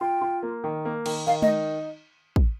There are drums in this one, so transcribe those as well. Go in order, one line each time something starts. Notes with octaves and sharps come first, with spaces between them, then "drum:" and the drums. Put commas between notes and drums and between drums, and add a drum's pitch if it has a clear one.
F4 G5
F4
A#3
D#3
A#3
D#3, drum: cymbal
D#3 F5
D#5, drum: tom G#3
D#4
drum: kick